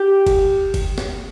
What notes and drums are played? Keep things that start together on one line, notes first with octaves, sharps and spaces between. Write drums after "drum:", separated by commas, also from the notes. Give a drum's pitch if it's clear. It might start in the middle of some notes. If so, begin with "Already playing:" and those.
Already playing: G4
drum: kick F#1, cymbal
drum: kick F#1, cymbal
drum: snare